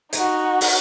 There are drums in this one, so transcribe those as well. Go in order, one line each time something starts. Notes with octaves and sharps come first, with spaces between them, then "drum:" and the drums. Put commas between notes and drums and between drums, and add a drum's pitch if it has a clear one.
D#4 F#4, drum: hi-hat
drum: open hi-hat